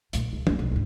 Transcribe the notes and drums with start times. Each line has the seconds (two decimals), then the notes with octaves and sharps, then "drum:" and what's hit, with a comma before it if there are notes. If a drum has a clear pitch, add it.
0.13 A#2 D3, drum: hi-hat
0.33 C#2
0.47 A3 A#3, drum: tom
0.59 B1
0.72 E2 G2